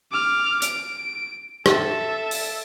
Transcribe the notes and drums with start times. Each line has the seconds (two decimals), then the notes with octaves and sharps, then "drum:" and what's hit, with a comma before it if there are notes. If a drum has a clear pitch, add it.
0.11 D6 F6
0.62 D7, drum: hi-hat
1.66 A4 E5, drum: rim click
2.31 drum: open hi-hat